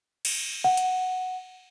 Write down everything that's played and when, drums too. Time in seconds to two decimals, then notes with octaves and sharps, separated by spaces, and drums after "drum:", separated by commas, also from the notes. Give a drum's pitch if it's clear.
0.25 drum: cymbal
0.64 F#5
0.77 drum: hi-hat